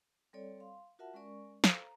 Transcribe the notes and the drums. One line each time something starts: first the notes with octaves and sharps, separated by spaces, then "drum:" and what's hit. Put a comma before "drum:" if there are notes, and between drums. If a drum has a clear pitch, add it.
G3 C4 A4 C#5 D5
F5 C6
F4 F#4 A#4 E5 F#5 A5
G#3 C#4 A#4 D5 C#6
A4 C5 F5, drum: snare
A#5